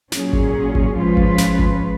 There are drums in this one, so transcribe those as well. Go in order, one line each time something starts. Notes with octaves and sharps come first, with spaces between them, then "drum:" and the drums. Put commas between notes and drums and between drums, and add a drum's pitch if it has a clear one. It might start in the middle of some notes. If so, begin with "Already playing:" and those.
A#2 F#3 C#4 G#4, drum: snare
drum: kick G#1
drum: kick G#1
F3 G#3 C#4 F4 B4
drum: kick G#1
drum: snare
drum: kick G#1